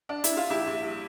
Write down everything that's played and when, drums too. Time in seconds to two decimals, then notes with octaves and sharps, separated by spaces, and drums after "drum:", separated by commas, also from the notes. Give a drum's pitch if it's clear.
0.09 D4
0.24 E4, drum: hi-hat
0.37 F4
0.49 A#1 E4 G4
0.67 A#1
0.84 G3